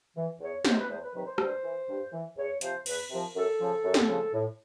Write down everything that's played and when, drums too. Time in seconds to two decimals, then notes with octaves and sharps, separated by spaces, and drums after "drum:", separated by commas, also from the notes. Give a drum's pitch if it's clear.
0.16 E3
0.40 E2 C#5
0.65 C3 D#3 F#3 C5, drum: snare
0.79 B4
0.89 E2 C5
1.02 B4
1.14 C3 D#3 F#3 B4
1.26 C5
1.38 G2 C5, drum: rim click
1.63 E3
1.88 G2
2.13 E3
2.36 E2 C#5
2.61 C3 F3 C5, drum: hi-hat
2.86 E2 B4, drum: cymbal
3.10 C3 F3 A#4
3.35 F#2 A4
3.60 C#3 F3
3.84 F#2
3.94 drum: snare
4.08 C#3 F3
4.33 A2